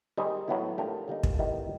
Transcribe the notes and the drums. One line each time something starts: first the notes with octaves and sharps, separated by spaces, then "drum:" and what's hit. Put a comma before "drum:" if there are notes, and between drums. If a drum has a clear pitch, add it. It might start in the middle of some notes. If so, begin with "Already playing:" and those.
D#3 G3 C4 D#4 G#4
A2 F#3 B3 E4
F3 A3 D4 G4 A#4
D3 G3 A#3 D#4
drum: kick
D#3 G3 B3 E4 A4